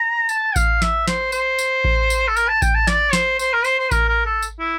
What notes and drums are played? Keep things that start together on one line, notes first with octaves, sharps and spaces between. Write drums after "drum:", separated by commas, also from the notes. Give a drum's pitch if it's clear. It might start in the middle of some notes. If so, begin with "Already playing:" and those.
Already playing: A#5
A5, drum: tambourine
F5, drum: kick A1, tambourine
E5, drum: snare
C5, drum: snare
C5, drum: tambourine
drum: tambourine
drum: kick A1
drum: tambourine
A4
A#4, drum: tambourine
A5
G5, drum: kick A1, tambourine
A5
D5, drum: snare
C5, drum: snare
C5, drum: tambourine
A#4
C5, drum: tambourine
C5
A#4, drum: kick A1, tambourine
A#4
A4
drum: tambourine
E4